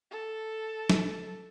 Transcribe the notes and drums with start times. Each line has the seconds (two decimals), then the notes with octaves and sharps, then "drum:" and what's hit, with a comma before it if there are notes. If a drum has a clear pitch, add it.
0.11 A4
0.90 drum: snare